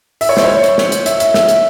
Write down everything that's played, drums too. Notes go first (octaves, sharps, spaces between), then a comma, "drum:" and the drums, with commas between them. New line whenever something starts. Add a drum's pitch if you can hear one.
E5, drum: open hi-hat
C#5
C5, drum: snare
C#5
drum: hi-hat
drum: snare
drum: hi-hat
E5, drum: hi-hat
E5, drum: hi-hat
E5, drum: snare
drum: hi-hat